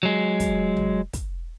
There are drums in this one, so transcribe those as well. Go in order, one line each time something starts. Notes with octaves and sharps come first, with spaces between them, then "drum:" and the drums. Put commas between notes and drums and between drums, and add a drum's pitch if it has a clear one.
F#3 G#3
drum: kick, hi-hat
drum: tom
drum: kick, hi-hat